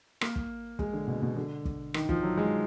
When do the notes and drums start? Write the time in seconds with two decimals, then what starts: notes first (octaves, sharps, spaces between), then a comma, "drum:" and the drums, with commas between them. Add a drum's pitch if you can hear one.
0.21 A#3, drum: rim click
0.36 drum: kick
0.79 G#3, drum: kick
0.93 D3
1.08 B2
1.22 B2
1.37 D3
1.65 drum: kick
1.94 D#3, drum: rim click
2.09 F3, drum: kick
2.23 F#3
2.37 G#3